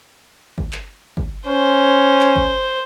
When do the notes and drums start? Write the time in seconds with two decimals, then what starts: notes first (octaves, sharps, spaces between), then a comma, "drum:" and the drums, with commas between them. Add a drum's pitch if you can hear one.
0.58 drum: kick G1
0.73 drum: clap
1.17 drum: kick G1
1.47 C#4 C5
2.21 drum: clap
2.36 drum: kick G1